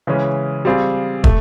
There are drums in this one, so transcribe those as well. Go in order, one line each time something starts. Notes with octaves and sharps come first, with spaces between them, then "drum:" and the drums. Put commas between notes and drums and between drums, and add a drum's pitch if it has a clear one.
C#3 E3 G#3 C#4
G3 C4 F4 G#4
A3, drum: kick